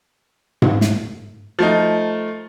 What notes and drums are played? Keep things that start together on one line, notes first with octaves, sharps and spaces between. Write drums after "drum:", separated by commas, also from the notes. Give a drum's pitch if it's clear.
drum: tom G#2
drum: snare
F3 A3 D#4